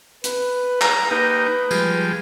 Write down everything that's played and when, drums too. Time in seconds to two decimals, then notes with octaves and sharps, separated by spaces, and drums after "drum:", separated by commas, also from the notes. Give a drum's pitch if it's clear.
0.24 B4, drum: hi-hat
0.81 A#5, drum: clap
1.11 A#3 D#4 G4 B4
1.71 F3 G3 G#3, drum: tambourine